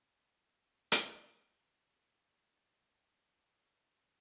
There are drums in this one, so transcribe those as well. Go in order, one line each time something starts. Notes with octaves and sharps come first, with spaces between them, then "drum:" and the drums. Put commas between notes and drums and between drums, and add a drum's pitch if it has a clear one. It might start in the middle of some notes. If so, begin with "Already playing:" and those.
B3 F#4 A4 E6
drum: hi-hat
G#1
F#1 D#2 A#3
E3 C#4
D#2 D#4 F#4 A5